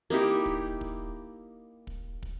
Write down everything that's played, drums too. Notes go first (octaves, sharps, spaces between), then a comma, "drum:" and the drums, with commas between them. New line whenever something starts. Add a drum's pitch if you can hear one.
A#3 D#4 E4 G4
drum: kick
drum: kick
drum: kick
drum: kick